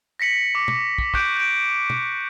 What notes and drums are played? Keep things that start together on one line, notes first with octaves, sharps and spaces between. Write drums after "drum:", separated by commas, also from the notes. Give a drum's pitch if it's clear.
A#6 B6 C#7 F#7
C#6 D6 C#7
drum: tom
drum: kick
C#6 D6 F#6 G6 D7, drum: kick
G6 D7
drum: tom